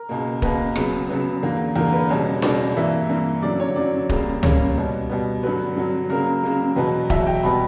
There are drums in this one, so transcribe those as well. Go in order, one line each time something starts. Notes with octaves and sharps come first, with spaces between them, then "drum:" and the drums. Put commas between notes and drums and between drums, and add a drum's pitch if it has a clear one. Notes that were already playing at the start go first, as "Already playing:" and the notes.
Already playing: A#4
C#2 B2 A#3
C#2 B2 A#3 B4, drum: kick
C#2 C#3 F#3 B3, drum: rim click
C#2 C#3 F#3 B3
E2 D3 A#3
E2 D3 A#3 A#4
B4
C#2 B2 G3 C#5
C#2 B2 G3 D5, drum: snare D4
G2 E3 A#3 E5
G2 E3 A#3
F#2 D3 F#3 D5
C#5
F#2 D3 F#3 D5
C#2 C#3 G3 A#3, drum: kick
C#2 C#3 G3 A#3 C#5, drum: tom C#2
B2 G3 B3
B2 G3 B3
G2 D3 F#3 B4
G2 D3 F#3
C#2 C#3 F#3 A#3 A#4
C#2 C#3 F#3 A#3
E2 B2 F#3 B4
E2 B2 F#3 E5, drum: kick
G5
B2 G3 B3 B5